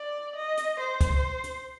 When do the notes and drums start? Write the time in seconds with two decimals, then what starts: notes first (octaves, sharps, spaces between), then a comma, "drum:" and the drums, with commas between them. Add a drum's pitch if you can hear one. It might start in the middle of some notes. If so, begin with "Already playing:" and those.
Already playing: D5
0.36 D#5
0.57 drum: hi-hat
0.79 C5
1.01 drum: kick C2, hi-hat
1.44 drum: hi-hat